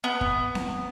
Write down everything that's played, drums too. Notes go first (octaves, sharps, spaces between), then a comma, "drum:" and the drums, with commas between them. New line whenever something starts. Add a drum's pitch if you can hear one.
B3
drum: kick
drum: snare C4